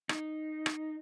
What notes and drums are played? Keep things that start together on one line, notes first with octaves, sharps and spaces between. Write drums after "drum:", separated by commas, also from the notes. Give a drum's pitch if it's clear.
D#4, drum: rim click
drum: rim click